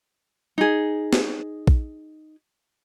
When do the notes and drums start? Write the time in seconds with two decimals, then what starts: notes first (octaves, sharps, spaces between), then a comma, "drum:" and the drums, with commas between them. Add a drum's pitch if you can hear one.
0.58 D#4 G#4
1.13 drum: snare
1.67 drum: kick A#1